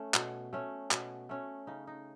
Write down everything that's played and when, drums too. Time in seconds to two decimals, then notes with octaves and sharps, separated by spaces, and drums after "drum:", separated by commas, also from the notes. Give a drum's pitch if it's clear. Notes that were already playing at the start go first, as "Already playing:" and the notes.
Already playing: A3 C#4
0.14 B2, drum: clap
0.53 A3 C#4
0.91 B2, drum: clap
1.29 A3 C#4
1.67 C#3 D#4
1.87 D#4